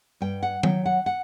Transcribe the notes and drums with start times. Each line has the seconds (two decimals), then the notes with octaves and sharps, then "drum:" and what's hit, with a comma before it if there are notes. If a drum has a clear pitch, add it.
0.21 G2 G5
0.43 F#5
0.63 F#3 G5, drum: tom D#3
0.86 F#5
1.06 F#5